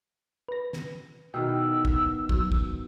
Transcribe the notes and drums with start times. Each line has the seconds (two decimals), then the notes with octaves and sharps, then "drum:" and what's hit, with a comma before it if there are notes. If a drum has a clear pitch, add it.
0.49 B4 A#6
0.73 drum: snare
1.34 B2 D#3 E4 G5 E6
1.85 drum: kick
2.29 F#3, drum: kick
2.52 drum: kick